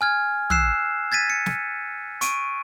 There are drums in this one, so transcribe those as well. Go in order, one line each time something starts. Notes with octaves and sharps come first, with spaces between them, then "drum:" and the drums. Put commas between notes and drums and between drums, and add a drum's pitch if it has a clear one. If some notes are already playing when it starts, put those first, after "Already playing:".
G#5 F6 G#6
E6 F#6 C7 E7, drum: tom
G#6 A6 B6 D#7
C#7
drum: snare
C#6 D7 D#7, drum: hi-hat